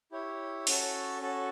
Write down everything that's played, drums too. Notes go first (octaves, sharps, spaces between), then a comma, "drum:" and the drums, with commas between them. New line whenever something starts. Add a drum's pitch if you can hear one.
E4 G4 C#5 E5
C#4 F#4 A4, drum: open hi-hat
C#4 F#4 A4